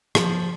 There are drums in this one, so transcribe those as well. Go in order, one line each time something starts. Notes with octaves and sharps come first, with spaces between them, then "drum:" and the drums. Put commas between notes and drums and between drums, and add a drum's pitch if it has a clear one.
F3, drum: rim click